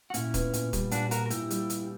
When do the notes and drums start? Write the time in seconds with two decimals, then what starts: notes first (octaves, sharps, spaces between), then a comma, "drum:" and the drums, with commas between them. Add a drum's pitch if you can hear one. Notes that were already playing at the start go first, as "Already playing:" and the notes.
0.10 F#4
0.14 A#2 C#4 E4, drum: hi-hat
0.34 B3, drum: kick, hi-hat
0.53 A#2, drum: hi-hat
0.73 G3, drum: kick, hi-hat
0.91 A#2 D4 F#4, drum: hi-hat
1.11 A#2 F#4 A#4, drum: hi-hat
1.26 A#4
1.30 A#2 E4 G4, drum: hi-hat
1.50 G3, drum: hi-hat
1.70 drum: hi-hat